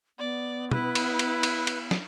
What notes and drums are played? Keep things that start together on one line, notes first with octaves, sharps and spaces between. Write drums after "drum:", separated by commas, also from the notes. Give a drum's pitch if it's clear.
B3 D5
E4 B4, drum: tom
drum: cymbal
drum: cymbal
drum: cymbal
drum: cymbal
drum: snare